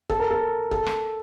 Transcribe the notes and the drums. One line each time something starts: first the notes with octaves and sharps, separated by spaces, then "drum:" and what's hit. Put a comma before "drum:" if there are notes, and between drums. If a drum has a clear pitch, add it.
A4, drum: kick
A#4
A4
A4, drum: kick
drum: rim click